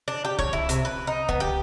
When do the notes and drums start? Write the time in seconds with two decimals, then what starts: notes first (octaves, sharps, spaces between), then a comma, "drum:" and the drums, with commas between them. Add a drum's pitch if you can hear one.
0.08 D4
0.25 G4
0.39 C#5, drum: kick C2
0.53 E4
0.69 C3, drum: hi-hat
0.85 B4
1.07 D#4
1.29 B3, drum: kick C2
1.40 G4